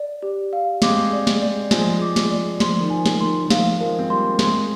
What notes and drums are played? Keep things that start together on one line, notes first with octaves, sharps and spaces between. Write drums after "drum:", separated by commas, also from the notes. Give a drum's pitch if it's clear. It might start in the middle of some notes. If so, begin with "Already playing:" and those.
Already playing: D5
G4
F5
G#3 C4 D6, drum: snare
D5
drum: snare
D5
F3 G#3 G#5, drum: snare
D6
drum: snare
D5
F3 C6, drum: snare
D#3
F3 G#5
drum: snare
D#3 C6
D#3
F3 F5, drum: snare
F3 G#3 A#4
C4
G3 A#3 C6
G#3 C4 C6, drum: snare